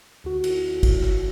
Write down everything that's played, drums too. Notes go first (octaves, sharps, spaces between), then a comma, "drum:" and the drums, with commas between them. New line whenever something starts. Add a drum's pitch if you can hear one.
D2 F#4
drum: cymbal
drum: kick, cymbal
drum: rim click